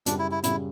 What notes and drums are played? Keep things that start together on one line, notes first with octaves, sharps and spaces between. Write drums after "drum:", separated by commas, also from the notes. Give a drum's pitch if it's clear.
F#2 C#3 G3 D4, drum: hi-hat
E4
E4
F#2 C#3 G3 E4, drum: hi-hat